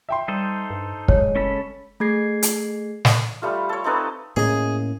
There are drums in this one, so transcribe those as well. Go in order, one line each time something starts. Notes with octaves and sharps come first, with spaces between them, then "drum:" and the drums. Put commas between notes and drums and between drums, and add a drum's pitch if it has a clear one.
E5 G5 C6
G3 D#4 A4 C5
G2
F#3 G#3 C#5, drum: kick
F#1 C#4 A4 B5
A3 G#4 G#6 C7
drum: hi-hat
drum: snare
G3 A3 F4
A4 C#5
C4 D#4 A4 B4
A2 A#3 C#4 G#4 D#5